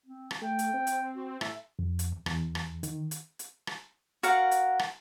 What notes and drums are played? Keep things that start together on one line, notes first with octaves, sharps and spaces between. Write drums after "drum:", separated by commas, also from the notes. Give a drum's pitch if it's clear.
C4
drum: rim click
A3 G5
drum: hi-hat
C4
drum: hi-hat
F#4
A2 E5, drum: rim click
F2
drum: hi-hat
E2, drum: rim click
drum: rim click
D#3, drum: hi-hat
drum: hi-hat
drum: hi-hat
drum: rim click
F#4 A#4 F5 F#5, drum: hi-hat
drum: hi-hat
drum: rim click